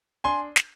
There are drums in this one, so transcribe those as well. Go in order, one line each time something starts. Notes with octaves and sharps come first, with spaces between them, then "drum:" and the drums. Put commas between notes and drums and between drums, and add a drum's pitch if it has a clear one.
D4 G#5 C6
drum: snare